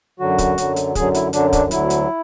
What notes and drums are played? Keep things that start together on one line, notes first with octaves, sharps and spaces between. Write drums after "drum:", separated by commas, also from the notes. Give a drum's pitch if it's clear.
F#2 D3 F#3 F#4
drum: kick, hi-hat
F#2 D3 F#3, drum: hi-hat
drum: hi-hat
F#2 D3 F#3 G#4, drum: kick, hi-hat
E4, drum: hi-hat
F#2 D3 F#3 D4, drum: hi-hat
D4, drum: kick, hi-hat
D2 D3 F#3 E4, drum: hi-hat
drum: hi-hat